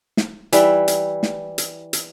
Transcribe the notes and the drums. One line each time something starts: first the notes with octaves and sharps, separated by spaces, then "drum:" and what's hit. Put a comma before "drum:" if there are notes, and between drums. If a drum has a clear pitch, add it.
drum: snare
E3 G3 E4, drum: hi-hat
drum: hi-hat
drum: snare
drum: hi-hat
drum: hi-hat